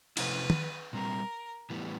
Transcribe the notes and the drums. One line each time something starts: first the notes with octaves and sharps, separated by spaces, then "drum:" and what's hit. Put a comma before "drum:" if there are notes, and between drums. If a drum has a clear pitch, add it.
C3 F3 A3 C#4 E4 B4, drum: cymbal
drum: tom D#3
A#2 G3 C4 A#4
A2 E3 G3 B3